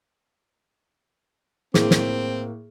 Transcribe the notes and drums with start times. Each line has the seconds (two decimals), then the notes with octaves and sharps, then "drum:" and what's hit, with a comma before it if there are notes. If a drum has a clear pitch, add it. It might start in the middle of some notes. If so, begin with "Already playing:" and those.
1.74 A2 A#3 C4 G#4, drum: snare
1.91 drum: snare